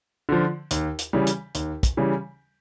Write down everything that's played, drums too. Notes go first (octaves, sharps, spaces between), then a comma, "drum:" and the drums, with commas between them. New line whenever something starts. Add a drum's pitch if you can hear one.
D3 F3
D#2, drum: hi-hat
drum: hi-hat
C#3 E3 G3
drum: hi-hat
D#2, drum: hi-hat
drum: kick, hi-hat
C#3 E3 G3